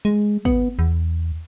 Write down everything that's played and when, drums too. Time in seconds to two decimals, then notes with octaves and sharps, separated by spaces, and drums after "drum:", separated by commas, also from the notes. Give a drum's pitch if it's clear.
0.05 G#3
0.45 B3, drum: kick G#1
0.79 E2